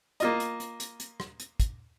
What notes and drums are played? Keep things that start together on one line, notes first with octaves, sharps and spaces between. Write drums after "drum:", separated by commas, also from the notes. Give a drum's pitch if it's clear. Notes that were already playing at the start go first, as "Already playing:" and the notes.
A#3 F4 D#5, drum: hi-hat
drum: hi-hat
drum: hi-hat
drum: hi-hat
drum: hi-hat
drum: rim click
drum: hi-hat
drum: kick, hi-hat